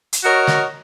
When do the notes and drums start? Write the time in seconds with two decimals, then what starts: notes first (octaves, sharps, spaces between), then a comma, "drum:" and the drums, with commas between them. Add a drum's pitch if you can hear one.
0.13 drum: hi-hat
0.24 F#4 A#4 C#5 D#5
0.47 drum: snare